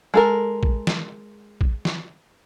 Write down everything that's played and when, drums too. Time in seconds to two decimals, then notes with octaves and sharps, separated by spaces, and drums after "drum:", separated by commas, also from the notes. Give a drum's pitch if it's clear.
0.14 G#3 A4 A#4
0.63 drum: kick A#1
0.87 drum: snare
1.61 drum: kick A#1
1.85 drum: snare